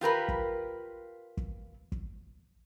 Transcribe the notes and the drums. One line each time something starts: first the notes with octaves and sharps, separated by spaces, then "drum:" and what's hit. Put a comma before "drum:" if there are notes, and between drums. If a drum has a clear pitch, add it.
F4 G4 A#4 B4
drum: kick
drum: kick
drum: kick